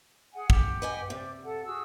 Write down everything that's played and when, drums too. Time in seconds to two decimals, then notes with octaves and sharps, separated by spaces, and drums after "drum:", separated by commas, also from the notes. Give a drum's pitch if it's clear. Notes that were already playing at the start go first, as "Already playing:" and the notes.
0.33 G#4 F#5 G#5
0.50 G4 F#5, drum: kick
0.82 B4 D#5 G#5
1.10 C3 G4 D5
1.43 A4 F#5
1.65 F#4 G#4 E6